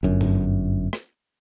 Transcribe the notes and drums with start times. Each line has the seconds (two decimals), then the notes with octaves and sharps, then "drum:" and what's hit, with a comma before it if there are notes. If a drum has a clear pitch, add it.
0.03 G1 F#2
0.21 drum: tom G2
0.93 drum: rim click